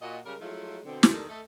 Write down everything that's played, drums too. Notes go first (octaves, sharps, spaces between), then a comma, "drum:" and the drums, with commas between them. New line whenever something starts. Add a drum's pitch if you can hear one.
A#2 F#4 D#5
C#3 G3 G#3 C#4 A#4
F3 F#3 G#3 A3 E4 F4
B2 D3 C4
drum: snare
D#3 G3 A4
A3 A4 D#5